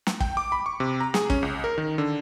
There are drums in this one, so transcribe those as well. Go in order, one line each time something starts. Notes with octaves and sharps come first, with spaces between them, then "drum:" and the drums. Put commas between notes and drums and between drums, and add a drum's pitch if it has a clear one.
drum: snare
G5, drum: kick
D6
B5
C#6
C3
A#5
G#4, drum: snare
C#4, drum: kick
C#2
A#4
D#3
D3